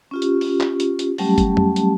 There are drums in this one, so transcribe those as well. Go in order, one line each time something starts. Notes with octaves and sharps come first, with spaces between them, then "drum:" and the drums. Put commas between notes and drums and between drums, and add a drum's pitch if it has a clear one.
C#4 F4 G4
drum: hi-hat
drum: open hi-hat
drum: clap
drum: hi-hat
drum: hi-hat
F#3 G3 A3 C#4 G4 A5, drum: open hi-hat
drum: kick F#1, hi-hat
drum: tom F2
drum: hi-hat